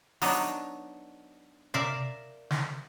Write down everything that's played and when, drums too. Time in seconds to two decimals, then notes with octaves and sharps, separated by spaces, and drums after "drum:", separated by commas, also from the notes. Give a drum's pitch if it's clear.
0.22 F#3 B3 D4 D#4, drum: open hi-hat
1.74 A#4 D5 E5 F5, drum: tom C3
2.51 drum: snare